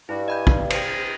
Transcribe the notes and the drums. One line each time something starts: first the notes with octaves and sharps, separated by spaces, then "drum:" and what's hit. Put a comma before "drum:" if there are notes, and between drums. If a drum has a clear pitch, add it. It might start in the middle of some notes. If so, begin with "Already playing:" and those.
G2 E4 F#4
D#5 G#5 B5 G6
drum: kick
G#4 C5 G5, drum: cymbal